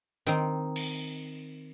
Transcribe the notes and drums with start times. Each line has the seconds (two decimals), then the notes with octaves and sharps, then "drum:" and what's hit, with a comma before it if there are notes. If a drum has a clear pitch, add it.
0.26 D#3 C4 D#4
0.76 drum: cymbal